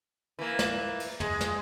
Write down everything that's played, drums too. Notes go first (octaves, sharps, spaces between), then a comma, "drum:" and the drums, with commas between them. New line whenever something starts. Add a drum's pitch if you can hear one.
E3 A#3
drum: snare
drum: cymbal
G#3, drum: tom
drum: snare